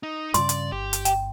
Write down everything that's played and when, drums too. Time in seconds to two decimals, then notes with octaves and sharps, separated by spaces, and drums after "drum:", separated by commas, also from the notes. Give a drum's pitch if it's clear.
0.03 D#4
0.34 G2 C#3 D5 C6, drum: hi-hat
0.49 drum: hi-hat
0.72 G1 G4
0.93 drum: hi-hat
1.05 G5, drum: hi-hat